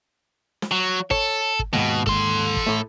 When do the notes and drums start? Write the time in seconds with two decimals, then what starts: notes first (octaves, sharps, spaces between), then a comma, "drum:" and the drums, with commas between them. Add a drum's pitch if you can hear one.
0.62 drum: snare
0.71 F#3
1.11 A4 C#5, drum: kick
1.59 drum: kick
1.73 D#2 G#2 B2
2.07 A4 C6, drum: kick
2.57 drum: kick
2.67 A2 A3